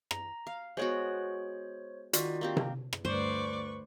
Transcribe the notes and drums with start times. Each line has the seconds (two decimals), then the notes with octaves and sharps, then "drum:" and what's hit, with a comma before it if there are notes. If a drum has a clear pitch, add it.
0.11 A#5, drum: rim click
0.47 F5
0.77 G#3 B3 F#4 C5 C#5
2.13 D#3 F4 F#4 D5, drum: hi-hat
2.41 A#3 C4 G4
2.57 drum: tom C3
2.93 drum: rim click
3.05 D2 G2 B4 C5 D5 C#6